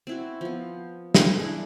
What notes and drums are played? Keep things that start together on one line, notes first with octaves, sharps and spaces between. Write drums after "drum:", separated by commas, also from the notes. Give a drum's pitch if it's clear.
C4 E4 F#4
F3 B3
G#4, drum: snare
D4 E4